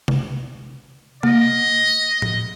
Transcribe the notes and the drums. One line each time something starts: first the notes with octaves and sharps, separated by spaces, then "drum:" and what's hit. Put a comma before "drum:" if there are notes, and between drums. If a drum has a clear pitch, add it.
drum: tom C3
A#3 D#5, drum: tom C3
drum: tom A2